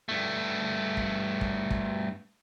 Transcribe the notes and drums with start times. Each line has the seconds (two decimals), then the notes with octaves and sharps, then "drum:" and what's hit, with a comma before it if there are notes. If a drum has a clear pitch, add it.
0.09 G2 A3
0.97 drum: kick
1.41 drum: kick
1.71 drum: kick